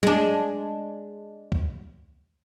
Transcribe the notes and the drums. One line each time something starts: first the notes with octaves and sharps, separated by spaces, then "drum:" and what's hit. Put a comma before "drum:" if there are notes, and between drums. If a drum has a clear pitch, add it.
G#3 D4, drum: tom F#3
drum: kick